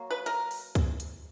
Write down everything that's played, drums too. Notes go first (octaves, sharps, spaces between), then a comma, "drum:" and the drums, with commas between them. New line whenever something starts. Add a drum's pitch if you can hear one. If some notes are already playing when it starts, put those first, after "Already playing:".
Already playing: F#3 A#3
B4
A#4, drum: hi-hat
drum: open hi-hat
drum: kick C#2, hi-hat
drum: hi-hat